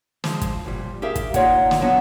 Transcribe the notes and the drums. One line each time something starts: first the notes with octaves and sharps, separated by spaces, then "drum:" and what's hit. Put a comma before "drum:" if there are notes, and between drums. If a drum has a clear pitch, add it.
F3 G#3, drum: snare
drum: kick, hi-hat
F2 A#2 G3
G4 G#4 A#4 E5 F5
drum: kick, hi-hat
A#3 D#4 F4 C#5 D5 F#5, drum: kick, hi-hat
drum: snare
D3 F#3 B3